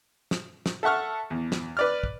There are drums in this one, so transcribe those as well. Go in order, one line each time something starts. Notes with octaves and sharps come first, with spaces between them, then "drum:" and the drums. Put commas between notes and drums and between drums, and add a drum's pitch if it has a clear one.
drum: snare
drum: snare
A4 E5 F#5 C#6 F6
E2
drum: snare
B4 D5 F6
drum: kick